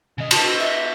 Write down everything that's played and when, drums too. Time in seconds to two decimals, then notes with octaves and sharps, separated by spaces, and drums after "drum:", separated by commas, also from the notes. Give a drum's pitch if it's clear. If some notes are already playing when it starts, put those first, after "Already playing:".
0.18 C#3 D#5
0.31 D#5 A5, drum: cymbal
0.47 E6
0.59 E5